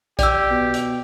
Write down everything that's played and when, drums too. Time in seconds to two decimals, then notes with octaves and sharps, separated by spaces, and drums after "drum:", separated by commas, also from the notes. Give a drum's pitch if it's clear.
0.19 G4 D5 E6, drum: kick A#1, hi-hat
0.50 B2
0.74 drum: hi-hat